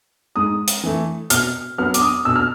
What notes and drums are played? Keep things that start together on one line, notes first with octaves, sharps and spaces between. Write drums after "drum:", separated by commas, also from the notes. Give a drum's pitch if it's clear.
G#2 D#6
drum: hi-hat
E3 A3
B2 F6, drum: hi-hat
F#3 B3 F6
D6, drum: hi-hat
D#6
B2 E6
F6